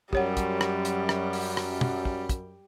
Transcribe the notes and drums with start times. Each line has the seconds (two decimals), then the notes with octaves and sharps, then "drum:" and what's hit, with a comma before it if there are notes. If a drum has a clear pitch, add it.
0.13 F#2 G3 G4 C#5 F#5, drum: kick
0.37 drum: kick, hi-hat
0.61 drum: rim click
0.85 drum: hi-hat
1.09 drum: rim click
1.33 drum: open hi-hat
1.57 drum: rim click
1.81 drum: tom
2.05 drum: kick
2.29 drum: kick, hi-hat